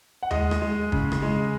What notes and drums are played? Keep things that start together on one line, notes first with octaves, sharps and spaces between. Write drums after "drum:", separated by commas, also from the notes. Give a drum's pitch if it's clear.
F#5
G#3 D#5, drum: tom D#2
drum: rim click
G#3
C#3, drum: kick
drum: rim click
G#3